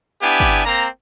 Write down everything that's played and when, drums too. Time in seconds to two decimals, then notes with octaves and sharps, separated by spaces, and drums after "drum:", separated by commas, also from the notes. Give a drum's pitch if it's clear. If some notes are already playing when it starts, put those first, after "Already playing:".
0.22 B3 D4 E4 G4 G#5
0.40 drum: kick
0.66 A#3 C4 A#5